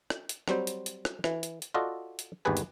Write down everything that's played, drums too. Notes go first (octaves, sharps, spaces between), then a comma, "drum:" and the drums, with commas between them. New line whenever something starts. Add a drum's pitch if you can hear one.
drum: rim click
drum: hi-hat
F#3 G3 C4 C5, drum: rim click
drum: hi-hat
drum: hi-hat
drum: rim click
E3, drum: rim click
drum: hi-hat
drum: hi-hat
F4 F#4 A4 D5 D#5
drum: hi-hat
G1 D#2 G4 G#4 B4 G#5
drum: hi-hat